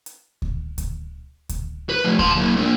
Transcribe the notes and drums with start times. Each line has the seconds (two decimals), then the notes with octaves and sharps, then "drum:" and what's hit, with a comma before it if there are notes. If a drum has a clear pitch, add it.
0.06 drum: hi-hat
0.42 drum: kick D2
0.78 drum: kick D2, hi-hat
1.49 drum: kick D2, hi-hat
1.89 B4
2.04 F3 A3
2.19 A5 C6, drum: kick D2
2.36 F#3 A#3
2.57 A#3 D4